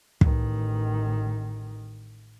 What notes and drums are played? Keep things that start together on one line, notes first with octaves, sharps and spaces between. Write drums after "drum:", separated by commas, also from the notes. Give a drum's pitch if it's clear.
A1 D#3, drum: kick